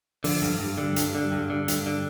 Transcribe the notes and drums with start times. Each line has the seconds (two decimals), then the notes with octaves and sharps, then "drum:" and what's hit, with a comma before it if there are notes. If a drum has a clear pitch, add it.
0.24 D3 F3, drum: open hi-hat
0.42 G2
0.60 G2 G3
0.78 D3
0.96 G2 G3, drum: hi-hat
1.15 D3
1.32 G2
1.50 D3
1.68 G2, drum: hi-hat
1.86 D3